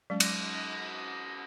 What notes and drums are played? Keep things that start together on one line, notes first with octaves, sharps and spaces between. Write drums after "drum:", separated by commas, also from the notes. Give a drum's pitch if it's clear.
F#3 G#3 C#4
drum: cymbal